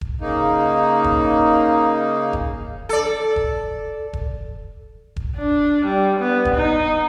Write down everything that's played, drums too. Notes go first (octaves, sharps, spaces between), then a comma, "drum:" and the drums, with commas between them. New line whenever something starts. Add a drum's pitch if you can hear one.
drum: kick E1
C#3 A#3 D#4
drum: kick E1
drum: kick E1
A4 D5
drum: kick E1
drum: kick E1
drum: kick E1
D4
G3
B3
drum: kick E1
D#4